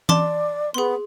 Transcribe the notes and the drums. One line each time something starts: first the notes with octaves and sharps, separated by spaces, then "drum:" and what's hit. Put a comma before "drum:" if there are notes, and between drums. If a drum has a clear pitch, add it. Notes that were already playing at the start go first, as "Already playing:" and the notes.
D5 A5 C6 D6, drum: tom E3
B3 G#4 C6